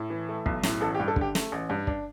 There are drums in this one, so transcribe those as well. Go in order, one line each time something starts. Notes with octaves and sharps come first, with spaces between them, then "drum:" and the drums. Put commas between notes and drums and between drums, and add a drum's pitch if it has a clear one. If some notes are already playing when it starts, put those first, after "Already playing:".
Already playing: A2
E3
A3
B1, drum: kick
A2, drum: snare
A1 A4
G4
G2
A4
D3, drum: kick
G4
A3, drum: snare
A1
G2
D4, drum: kick